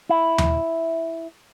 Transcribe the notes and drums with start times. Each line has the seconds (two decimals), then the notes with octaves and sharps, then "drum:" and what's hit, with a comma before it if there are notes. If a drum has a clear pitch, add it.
0.09 E4
0.38 drum: tom D#2